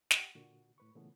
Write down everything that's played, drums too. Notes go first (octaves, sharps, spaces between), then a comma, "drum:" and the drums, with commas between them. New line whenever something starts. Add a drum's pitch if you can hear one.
G4 F#5 G5, drum: snare
A#2 D3 F#4
A2 B4 C#6
A#2 C#3 E3 A3 B3